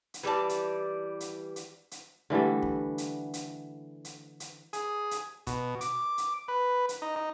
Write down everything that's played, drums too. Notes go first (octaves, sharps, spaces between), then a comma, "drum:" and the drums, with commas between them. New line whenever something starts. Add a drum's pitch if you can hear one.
drum: hi-hat
E3 G3 D5 A5
drum: hi-hat
drum: hi-hat
drum: hi-hat
drum: hi-hat
D3 E3 G3 A3
drum: kick
drum: hi-hat
drum: hi-hat
drum: hi-hat
drum: hi-hat
G#4, drum: hi-hat
drum: hi-hat
B2, drum: kick, hi-hat
D6, drum: hi-hat
drum: hi-hat
B4
drum: hi-hat
D#4
D#4